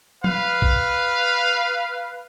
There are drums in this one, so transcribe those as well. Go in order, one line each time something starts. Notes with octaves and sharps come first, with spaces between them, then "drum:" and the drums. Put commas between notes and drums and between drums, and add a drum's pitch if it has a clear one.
B4 F5, drum: tom F3
drum: kick A#1